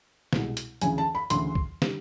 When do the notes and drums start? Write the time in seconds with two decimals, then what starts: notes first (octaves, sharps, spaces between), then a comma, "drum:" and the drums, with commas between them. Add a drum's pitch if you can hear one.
0.33 C2 B2 G#3, drum: snare
0.57 drum: hi-hat
0.82 D2 C#3 E3 G#5, drum: hi-hat
0.98 A5
1.15 B5
1.30 D2 C#3 E3 C6, drum: hi-hat
1.55 drum: kick
1.82 D3 G3, drum: snare